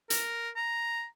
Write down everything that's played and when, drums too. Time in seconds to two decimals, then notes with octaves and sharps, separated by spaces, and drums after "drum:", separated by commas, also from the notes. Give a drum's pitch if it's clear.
0.10 A#4, drum: hi-hat
0.56 A#5